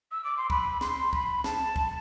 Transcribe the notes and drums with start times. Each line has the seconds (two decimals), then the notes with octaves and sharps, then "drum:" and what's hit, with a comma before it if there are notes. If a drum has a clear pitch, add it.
0.12 E6
0.24 D6
0.37 C6
0.50 B5, drum: kick
0.81 C6, drum: snare
1.13 B5, drum: kick
1.44 A5, drum: snare
1.76 drum: kick